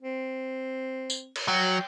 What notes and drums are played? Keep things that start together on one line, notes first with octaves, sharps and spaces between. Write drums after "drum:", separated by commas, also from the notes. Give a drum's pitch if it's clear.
C4
drum: tambourine
drum: cymbal
F#3 G5